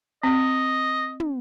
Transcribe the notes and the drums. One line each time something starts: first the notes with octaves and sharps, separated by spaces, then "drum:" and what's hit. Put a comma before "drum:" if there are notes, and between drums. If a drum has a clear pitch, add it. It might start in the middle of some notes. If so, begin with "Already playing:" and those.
C4 D#5
drum: tom